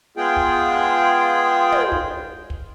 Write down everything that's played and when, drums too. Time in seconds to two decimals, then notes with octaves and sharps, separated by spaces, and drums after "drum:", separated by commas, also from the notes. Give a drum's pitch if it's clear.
0.17 G#3 B3 F4 G#4 G5
0.36 drum: kick
1.72 drum: tom
1.92 drum: kick
2.50 drum: kick